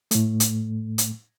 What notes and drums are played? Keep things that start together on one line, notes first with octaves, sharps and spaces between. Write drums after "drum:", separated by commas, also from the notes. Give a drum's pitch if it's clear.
A2 A3, drum: hi-hat
drum: hi-hat
drum: hi-hat